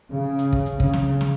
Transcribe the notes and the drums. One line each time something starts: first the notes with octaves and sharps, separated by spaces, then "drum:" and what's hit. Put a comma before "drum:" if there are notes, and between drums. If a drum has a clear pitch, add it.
C#3
drum: hi-hat
drum: kick
drum: hi-hat
C#3, drum: kick
drum: snare
drum: snare